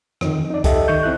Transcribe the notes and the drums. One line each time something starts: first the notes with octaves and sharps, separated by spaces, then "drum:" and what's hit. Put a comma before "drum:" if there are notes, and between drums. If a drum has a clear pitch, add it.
F2 D#3, drum: rim click
D#4 D5
G4 A4 D#5 E5, drum: kick C2, hi-hat
D#3 C#6 G6
C4 E4 F#6